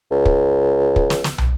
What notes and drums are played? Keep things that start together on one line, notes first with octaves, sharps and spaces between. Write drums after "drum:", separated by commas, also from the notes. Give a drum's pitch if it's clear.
C#2
drum: kick
drum: kick
drum: snare
drum: snare
drum: tom